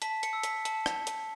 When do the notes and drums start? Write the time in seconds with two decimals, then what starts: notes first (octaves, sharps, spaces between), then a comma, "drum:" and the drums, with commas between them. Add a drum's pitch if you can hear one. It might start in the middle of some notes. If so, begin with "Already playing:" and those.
0.02 A5 B6, drum: hi-hat
0.23 C#7, drum: hi-hat
0.33 E6
0.43 B6, drum: hi-hat
0.65 A5, drum: hi-hat
0.86 drum: rim click
1.07 drum: hi-hat